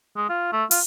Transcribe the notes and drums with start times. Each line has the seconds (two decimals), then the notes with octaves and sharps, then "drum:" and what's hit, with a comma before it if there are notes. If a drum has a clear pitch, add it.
0.16 G#3
0.29 F4
0.53 A3
0.71 F4, drum: open hi-hat